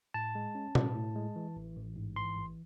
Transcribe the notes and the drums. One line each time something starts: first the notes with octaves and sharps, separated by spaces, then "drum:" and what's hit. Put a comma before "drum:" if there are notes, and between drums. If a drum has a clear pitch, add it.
A2 A5
G#3
C#4
A2, drum: tom B2
A2
G#3
E3
A1
A1
G#2
E3 C6
A1